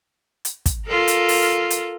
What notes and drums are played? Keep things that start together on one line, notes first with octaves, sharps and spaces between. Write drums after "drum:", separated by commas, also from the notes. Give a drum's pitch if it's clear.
drum: hi-hat
drum: kick, hi-hat
F4 A4 A#4
drum: hi-hat
drum: open hi-hat
drum: hi-hat